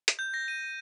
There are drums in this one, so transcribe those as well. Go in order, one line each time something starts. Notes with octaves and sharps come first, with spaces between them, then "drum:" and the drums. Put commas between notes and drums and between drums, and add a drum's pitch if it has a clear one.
drum: hi-hat
G6
A#6
D#7
D#7